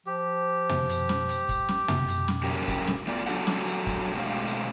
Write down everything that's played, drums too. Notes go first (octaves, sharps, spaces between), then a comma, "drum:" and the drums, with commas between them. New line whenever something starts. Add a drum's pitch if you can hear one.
F3 G4
drum: tom
drum: hi-hat
drum: snare
drum: hi-hat
drum: kick, hi-hat
drum: snare
drum: tom
drum: hi-hat
drum: snare
A#2 C#3 F#3 G4 A#4
drum: kick, hi-hat
drum: snare
A3 B3 F4 D5
F#3 D4 F#4 G4 A4 F#5, drum: hi-hat
drum: snare
drum: hi-hat
drum: kick, hi-hat
B2 G#3 A3 C4 G4 F5
drum: hi-hat